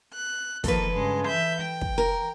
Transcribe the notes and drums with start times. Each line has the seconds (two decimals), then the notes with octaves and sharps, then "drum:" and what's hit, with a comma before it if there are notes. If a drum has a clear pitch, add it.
0.14 F#6
0.64 D#3 F3 A#3 A4 B4, drum: kick, hi-hat
0.93 G2 C#3 G#3
1.26 E3 E5 G6
1.63 G5
1.81 drum: kick
1.98 A#4